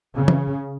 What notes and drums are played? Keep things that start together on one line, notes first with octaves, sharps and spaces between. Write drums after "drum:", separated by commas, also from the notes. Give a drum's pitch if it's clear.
C#3
drum: tom